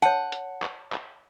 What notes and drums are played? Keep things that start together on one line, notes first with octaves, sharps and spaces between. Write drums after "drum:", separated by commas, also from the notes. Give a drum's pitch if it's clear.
C#5 F#5 A5
drum: hi-hat
drum: clap
drum: clap